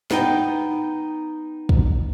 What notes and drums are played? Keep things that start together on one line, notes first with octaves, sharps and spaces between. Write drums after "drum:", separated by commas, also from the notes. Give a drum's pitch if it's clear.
B3 D#4 G5, drum: snare
drum: kick